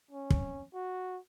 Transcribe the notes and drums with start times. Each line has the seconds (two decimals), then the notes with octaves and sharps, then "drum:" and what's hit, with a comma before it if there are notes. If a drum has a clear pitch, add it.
0.11 C#4
0.30 drum: kick
0.74 F#4